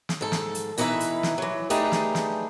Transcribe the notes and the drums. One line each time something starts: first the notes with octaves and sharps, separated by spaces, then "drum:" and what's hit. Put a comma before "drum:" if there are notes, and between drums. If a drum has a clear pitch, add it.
drum: snare
G#2 A4
drum: snare
drum: hi-hat
B2 E3 D#4 B4 E5, drum: hi-hat
drum: hi-hat
drum: snare
E3 F#3
A3 D4 D#4 G4 G#4 B4, drum: hi-hat
drum: snare
drum: snare